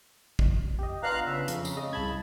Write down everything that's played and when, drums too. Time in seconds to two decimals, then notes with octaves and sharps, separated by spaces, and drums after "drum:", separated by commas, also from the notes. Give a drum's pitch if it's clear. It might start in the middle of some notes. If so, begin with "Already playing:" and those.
0.39 drum: kick
0.79 G4 D#5
1.03 B3 D4 F4 F5 A#5 F#6
1.26 C#3 E5
1.48 F2 C#3, drum: hi-hat
1.65 drum: tambourine
1.77 G#3 D#5
1.93 C2 A5 B5 G#6